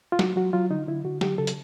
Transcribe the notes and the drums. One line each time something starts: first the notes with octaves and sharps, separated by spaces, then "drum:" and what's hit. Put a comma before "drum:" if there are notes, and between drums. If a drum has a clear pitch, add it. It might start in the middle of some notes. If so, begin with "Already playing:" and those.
F4
F#3 F#4, drum: snare
F#3 F#4
F#3 F4
D3 D#4
D3 E4
D3 F#4
F#3 G4, drum: snare
C#3 A4
drum: hi-hat